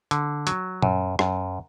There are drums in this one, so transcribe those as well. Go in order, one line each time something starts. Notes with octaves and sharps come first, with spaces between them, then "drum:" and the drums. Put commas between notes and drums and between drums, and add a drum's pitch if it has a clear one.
D3, drum: hi-hat
F#3, drum: hi-hat
F#2, drum: tom A#2
F#2, drum: rim click